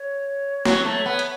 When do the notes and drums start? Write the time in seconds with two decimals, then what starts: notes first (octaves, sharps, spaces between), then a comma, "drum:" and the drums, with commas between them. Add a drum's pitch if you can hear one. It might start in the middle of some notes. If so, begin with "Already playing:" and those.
Already playing: C#5
0.65 F#3, drum: snare
0.85 A3
1.06 B3
1.19 drum: hi-hat